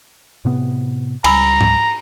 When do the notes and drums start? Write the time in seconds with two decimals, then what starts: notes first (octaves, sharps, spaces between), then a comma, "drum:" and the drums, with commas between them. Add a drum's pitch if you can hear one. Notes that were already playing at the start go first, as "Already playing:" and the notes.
0.45 A2 C3 B3
1.24 C#2 G3 G#5 A#5 B5 E6, drum: cymbal
1.61 drum: tom G#2